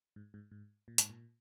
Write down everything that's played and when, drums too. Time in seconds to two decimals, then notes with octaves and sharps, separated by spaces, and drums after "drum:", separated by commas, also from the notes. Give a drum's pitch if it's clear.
0.16 G#2
0.34 G#2
0.51 G#2
0.88 A#2
0.98 G#2, drum: hi-hat
1.10 A#2